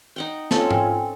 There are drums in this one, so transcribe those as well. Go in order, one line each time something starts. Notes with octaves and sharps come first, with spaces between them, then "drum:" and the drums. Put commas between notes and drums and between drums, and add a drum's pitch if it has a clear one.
D#4 F#5 G5
C4 C#4 F4 A4 C#5 A5, drum: snare
G5 G#5, drum: tom G#2